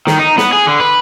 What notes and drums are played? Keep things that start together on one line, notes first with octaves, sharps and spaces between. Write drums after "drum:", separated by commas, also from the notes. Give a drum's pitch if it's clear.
D#3, drum: snare
D#4
B3, drum: snare
G#4
D3
B4